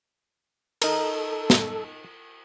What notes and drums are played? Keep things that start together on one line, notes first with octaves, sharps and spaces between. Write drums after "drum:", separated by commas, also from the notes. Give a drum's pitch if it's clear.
D#4 A4 A#4, drum: cymbal
drum: snare